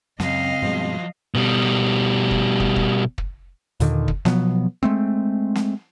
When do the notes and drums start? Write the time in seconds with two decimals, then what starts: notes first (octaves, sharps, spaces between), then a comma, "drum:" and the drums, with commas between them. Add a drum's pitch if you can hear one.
0.20 C#2 F#2 C4 D#5 F5, drum: snare
0.62 G2 B2 F3 F#3 G#3
1.35 B2 G3
2.31 drum: kick
2.60 drum: kick
2.76 drum: kick
3.18 drum: kick
3.80 D#2 A#2 D3 D#3, drum: hi-hat
4.08 drum: kick
4.25 B2 F3 F#3 B3, drum: snare
4.83 G#3 A3 C4
5.55 drum: snare